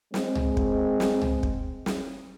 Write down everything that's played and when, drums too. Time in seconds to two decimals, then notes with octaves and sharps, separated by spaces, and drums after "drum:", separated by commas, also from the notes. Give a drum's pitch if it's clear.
0.14 G#3 C4, drum: snare
0.35 drum: tom C2
0.57 drum: kick
1.00 drum: snare
1.22 drum: tom C2
1.43 drum: kick
1.86 drum: snare